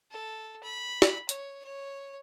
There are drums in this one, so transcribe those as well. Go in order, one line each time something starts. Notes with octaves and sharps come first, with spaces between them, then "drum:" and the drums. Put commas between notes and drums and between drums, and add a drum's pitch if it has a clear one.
A4
B5
drum: snare
C#5, drum: hi-hat
C#5